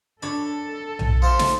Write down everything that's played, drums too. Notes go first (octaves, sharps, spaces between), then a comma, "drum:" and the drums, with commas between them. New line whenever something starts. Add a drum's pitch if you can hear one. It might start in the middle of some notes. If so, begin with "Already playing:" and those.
D4 A4 C#5 B5
drum: tom B1
F3 C5 E5 C6
drum: snare